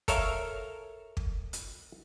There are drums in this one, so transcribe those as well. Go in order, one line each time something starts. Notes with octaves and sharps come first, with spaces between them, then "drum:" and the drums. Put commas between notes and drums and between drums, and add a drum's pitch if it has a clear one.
A4 A#4 C#5 E5 F5, drum: kick, hi-hat
drum: kick
drum: hi-hat